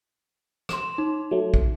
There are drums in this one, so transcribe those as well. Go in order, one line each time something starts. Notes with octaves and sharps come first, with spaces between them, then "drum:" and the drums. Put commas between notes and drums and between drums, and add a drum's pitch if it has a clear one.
C6 E7, drum: rim click
D#4
F#3 A3
drum: kick